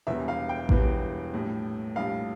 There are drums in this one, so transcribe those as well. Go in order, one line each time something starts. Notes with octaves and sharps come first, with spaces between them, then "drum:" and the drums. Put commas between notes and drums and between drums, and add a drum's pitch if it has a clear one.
E1 E2 E3 G3 E5
F5
G5
E1 E2 E3 G3, drum: kick A1
A#1 A2 G3
A#1 A2 G3 F5